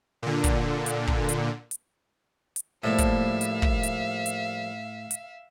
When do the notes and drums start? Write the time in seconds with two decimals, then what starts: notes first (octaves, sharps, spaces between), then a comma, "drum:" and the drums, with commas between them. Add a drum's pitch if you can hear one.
0.22 A#2 D3
0.44 drum: kick, hi-hat
0.86 drum: hi-hat
1.07 drum: kick
1.29 drum: hi-hat
1.71 drum: hi-hat
2.56 drum: hi-hat
2.84 A2 F3 G3 A#3 E5 F5
2.98 drum: kick, hi-hat
3.41 drum: hi-hat
3.62 drum: kick
3.83 drum: hi-hat
4.26 drum: hi-hat
5.11 drum: hi-hat